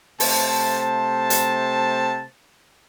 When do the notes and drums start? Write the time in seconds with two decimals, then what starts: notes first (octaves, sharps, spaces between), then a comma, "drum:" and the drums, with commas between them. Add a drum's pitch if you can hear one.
0.20 C3 A3 C5 A5, drum: open hi-hat
1.30 drum: hi-hat